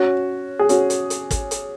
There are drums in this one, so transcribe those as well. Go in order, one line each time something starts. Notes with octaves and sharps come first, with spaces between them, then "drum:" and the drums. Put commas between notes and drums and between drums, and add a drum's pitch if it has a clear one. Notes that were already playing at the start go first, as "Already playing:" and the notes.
Already playing: C#4 F#4
G#4
C#4 F#4, drum: hi-hat
drum: hi-hat
drum: hi-hat
drum: kick, hi-hat
drum: hi-hat